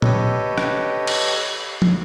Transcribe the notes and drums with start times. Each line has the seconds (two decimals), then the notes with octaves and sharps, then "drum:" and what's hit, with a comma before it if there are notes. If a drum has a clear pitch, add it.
0.02 G4 A4 B4 C#5 D#5, drum: tom A#2
0.58 drum: rim click
1.07 drum: cymbal
1.82 drum: tom